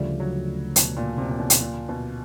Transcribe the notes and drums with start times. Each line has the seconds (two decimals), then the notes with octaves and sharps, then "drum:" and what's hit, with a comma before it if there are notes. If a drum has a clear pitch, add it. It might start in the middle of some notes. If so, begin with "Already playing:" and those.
Already playing: D2 C#3 F3 G3 A3
0.20 F#3
0.76 B2, drum: hi-hat
0.97 A#2
1.18 C3
1.29 A#2
1.40 B2
1.50 drum: hi-hat
1.61 A#2
1.89 B2